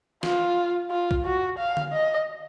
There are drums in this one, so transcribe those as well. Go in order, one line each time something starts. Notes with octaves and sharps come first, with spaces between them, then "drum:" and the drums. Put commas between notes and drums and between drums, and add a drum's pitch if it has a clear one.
F4, drum: snare
F4
drum: kick A#1
F#4
F5
drum: tom D3
D#5